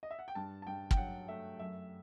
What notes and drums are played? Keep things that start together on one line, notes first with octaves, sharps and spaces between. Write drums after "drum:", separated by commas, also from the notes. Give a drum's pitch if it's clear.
D#5
E5
F#5
G5
G2 A5
A5
G2 G5
G5, drum: kick
F#3 F#5
A3 E5
F#2 E5